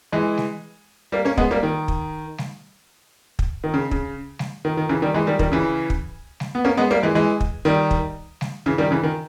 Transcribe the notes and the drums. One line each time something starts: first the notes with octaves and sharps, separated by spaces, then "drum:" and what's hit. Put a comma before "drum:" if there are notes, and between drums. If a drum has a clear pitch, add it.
E3 G#3
drum: snare G3
G3 A#3
A#3 C#4
G#3 B3, drum: kick
G3 A#3
D#3
drum: kick
drum: snare G3
drum: kick
D#3
C#3
C#3, drum: kick
drum: snare G3
D#3
D#3
C#3 E3
D#3 G3
E3 G#3
D#3 G3
D#3 G3, drum: kick
C#3 E3
drum: kick
drum: snare G3
B3
A#3 C#4
G#3 B3
G3 A#3
E3 G#3
E3 G#3
drum: kick
D#3 G3
drum: kick
drum: snare G3
C#3 E3
D#3 G3
C#3 E3
D#3